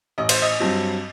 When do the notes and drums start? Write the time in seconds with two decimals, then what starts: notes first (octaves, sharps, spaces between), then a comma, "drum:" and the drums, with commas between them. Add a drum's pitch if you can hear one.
0.18 A1 D#5
0.29 C5, drum: cymbal
0.42 D#5
0.60 G2 F#3 C4